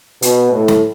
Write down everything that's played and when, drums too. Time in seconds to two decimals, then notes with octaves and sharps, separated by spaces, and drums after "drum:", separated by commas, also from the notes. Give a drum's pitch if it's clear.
0.22 B2, drum: hi-hat
0.53 A2
0.68 drum: snare